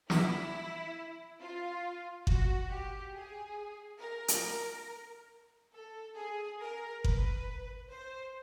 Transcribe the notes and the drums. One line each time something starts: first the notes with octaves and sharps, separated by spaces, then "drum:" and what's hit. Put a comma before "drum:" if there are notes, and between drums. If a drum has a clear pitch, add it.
E4, drum: snare
F4
F#4, drum: kick G1
G4
G#4
A#4
drum: hi-hat
A4
G#4
A#4
B4, drum: kick G1
C5